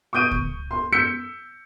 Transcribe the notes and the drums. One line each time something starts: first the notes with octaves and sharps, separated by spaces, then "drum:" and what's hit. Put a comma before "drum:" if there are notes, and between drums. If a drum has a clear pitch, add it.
C#6 D#6 G6 D7 D#7
drum: kick C#2
C6
E6 G6 B6 C#7